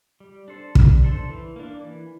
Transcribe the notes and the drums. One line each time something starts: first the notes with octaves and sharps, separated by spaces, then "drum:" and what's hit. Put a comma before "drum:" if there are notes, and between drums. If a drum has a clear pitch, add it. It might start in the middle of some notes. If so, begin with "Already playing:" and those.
G3
D4 A4 C5
G3, drum: kick
D4 A4 C5
E3
A#3 D4
E3